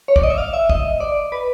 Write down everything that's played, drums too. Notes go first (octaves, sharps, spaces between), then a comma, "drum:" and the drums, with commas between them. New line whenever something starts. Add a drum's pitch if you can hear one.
C#5
D5, drum: kick
D#5
E5
F5
E5
D#5, drum: kick
D5
B4